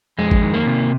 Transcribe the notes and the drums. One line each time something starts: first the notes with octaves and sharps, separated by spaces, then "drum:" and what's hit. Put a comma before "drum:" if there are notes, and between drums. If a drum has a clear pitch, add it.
F2 G#3
drum: kick G#1
D#3
A#3
C3